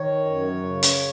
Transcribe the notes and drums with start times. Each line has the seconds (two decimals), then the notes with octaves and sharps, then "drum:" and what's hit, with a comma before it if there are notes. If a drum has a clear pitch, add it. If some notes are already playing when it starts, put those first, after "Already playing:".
Already playing: D#3 C#5
0.26 F#2
0.64 C#3
0.83 drum: hi-hat